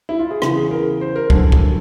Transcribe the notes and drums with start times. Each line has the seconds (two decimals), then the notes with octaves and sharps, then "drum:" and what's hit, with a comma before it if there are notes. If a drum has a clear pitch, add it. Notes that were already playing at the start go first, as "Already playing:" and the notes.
0.09 E4
0.19 F4
0.31 G#4
0.42 E2 C#3 E3, drum: rim click
0.57 G#4
0.71 A#4
1.01 C5
1.16 A#4
1.30 F#2 D3 F#3 A4, drum: kick
1.52 drum: kick